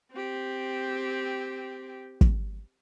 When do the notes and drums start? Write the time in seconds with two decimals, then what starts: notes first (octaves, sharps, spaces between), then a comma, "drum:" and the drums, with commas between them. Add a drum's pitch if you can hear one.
0.12 C4 G4
2.21 drum: kick